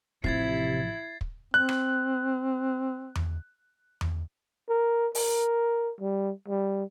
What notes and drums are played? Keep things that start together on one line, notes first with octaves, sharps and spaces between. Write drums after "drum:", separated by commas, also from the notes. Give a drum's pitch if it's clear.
A1 C3 F3 E4 G#6 A6 C7, drum: kick
drum: kick
C4 F#6
drum: rim click
drum: tom E2
drum: tom E2
A#4
A#4, drum: open hi-hat
G3
G3